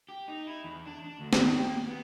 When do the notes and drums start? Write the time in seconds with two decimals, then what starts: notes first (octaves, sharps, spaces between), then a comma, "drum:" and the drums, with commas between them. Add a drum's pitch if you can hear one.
0.09 G4
0.28 D#4
0.47 E4
0.64 E2
0.86 D4
1.04 D4
1.19 D2
1.33 D#3, drum: snare
1.55 G5
1.67 A#3
1.86 B3